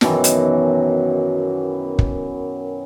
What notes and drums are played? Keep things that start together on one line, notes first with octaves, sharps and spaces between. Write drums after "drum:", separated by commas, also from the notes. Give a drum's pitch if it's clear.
F#2 B2 D#3 E3, drum: snare
drum: hi-hat
drum: kick